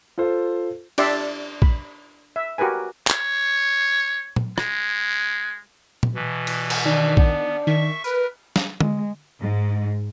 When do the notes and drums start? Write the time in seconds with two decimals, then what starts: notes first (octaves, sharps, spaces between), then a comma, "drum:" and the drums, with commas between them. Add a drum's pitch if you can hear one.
0.18 F4 A4 C5
0.98 D4 G4 D5 E5 C6, drum: cymbal
1.62 B5, drum: kick A#1
2.36 E5
2.58 F#4 G4 A#4 B4 G#5
3.07 C#5, drum: clap
4.36 drum: tom
4.58 G#3, drum: rim click
6.03 drum: tom
6.15 B2 E3
6.47 drum: cymbal
6.70 drum: cymbal
6.85 D#3 D4
7.17 B3, drum: kick A#1
7.67 D#3 E5 C#6
8.04 A#4 B4
8.56 drum: snare
8.80 G#3, drum: tom D3
9.41 G#2